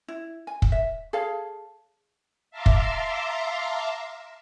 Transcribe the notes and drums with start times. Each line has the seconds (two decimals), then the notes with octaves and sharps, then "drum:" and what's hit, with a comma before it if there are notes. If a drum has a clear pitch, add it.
0.08 E4
0.47 G#5
0.62 drum: kick
0.72 E5
1.13 G#4 A4 C#5 F5
2.50 E5 F5 A5 A#5 C6 D6
2.66 drum: kick